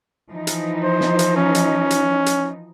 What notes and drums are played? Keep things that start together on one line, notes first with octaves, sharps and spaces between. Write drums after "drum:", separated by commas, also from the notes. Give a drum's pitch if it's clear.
E3 F3 D#4
drum: hi-hat
C5
drum: snare
drum: hi-hat
C#4
drum: hi-hat
drum: hi-hat
drum: hi-hat